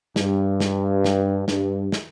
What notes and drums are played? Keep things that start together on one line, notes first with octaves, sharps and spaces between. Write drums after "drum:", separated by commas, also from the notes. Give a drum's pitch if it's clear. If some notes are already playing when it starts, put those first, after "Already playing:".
G2, drum: snare
drum: snare
drum: snare
G2, drum: snare
drum: snare